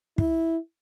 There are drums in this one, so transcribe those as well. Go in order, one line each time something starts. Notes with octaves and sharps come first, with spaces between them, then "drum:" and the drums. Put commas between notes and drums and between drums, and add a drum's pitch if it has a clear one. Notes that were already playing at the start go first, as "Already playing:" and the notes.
E4, drum: kick